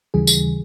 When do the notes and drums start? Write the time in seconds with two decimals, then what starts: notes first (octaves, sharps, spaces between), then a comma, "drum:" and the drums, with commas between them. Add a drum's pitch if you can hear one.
0.14 D#2 C#3 E3 G3 G#4
0.27 drum: tambourine